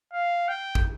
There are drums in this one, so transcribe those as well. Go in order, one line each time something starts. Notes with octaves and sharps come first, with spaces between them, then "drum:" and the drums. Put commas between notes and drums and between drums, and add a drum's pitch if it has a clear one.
F5
G5
drum: kick